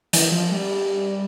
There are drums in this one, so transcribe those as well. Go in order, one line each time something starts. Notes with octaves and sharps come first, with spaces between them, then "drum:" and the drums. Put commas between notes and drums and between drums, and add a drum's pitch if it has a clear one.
E3, drum: hi-hat
F3
G3